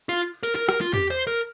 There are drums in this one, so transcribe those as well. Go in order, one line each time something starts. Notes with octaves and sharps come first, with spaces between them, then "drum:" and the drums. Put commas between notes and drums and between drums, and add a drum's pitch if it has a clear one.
F4
A#4, drum: hi-hat
A#4
A#4, drum: rim click
F4
G4, drum: tom
C5
A#4